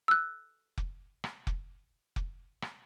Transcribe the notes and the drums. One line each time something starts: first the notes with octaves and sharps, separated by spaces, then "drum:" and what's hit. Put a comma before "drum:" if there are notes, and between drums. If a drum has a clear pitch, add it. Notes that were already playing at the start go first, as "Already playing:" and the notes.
E6 F#6
drum: kick F1
drum: rim click
drum: kick F1
drum: kick F1
drum: rim click